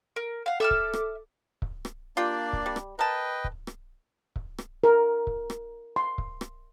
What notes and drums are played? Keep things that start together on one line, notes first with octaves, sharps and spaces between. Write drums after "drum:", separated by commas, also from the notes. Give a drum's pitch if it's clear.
A#4
F5 F#5
A4 E5 D6 E6 F6
drum: kick C#1
drum: rim click
drum: kick C#1
drum: rim click
A#3 D4 F4 G4 D5 G5
drum: kick C#1
G3
drum: rim click
A#4 B4 D#5 G5 A5
drum: kick C#1
drum: rim click
drum: kick C#1
drum: rim click
A#4
drum: kick C#1
drum: rim click
C6
drum: kick C#1
drum: rim click